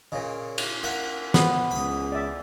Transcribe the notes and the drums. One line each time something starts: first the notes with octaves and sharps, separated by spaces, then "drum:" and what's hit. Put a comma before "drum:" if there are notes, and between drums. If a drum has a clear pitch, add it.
A#2 C#3 D#5
drum: cymbal
A#3 E5 F#5
B3 B4 C5, drum: snare
C#2 B5 D#6
D5 E5